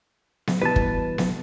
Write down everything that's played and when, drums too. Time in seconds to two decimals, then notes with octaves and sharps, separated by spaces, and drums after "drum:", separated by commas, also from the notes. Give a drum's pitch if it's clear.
0.47 drum: snare B3
0.62 B2 E3 G3 B4 A5
0.76 drum: kick
1.18 drum: snare B3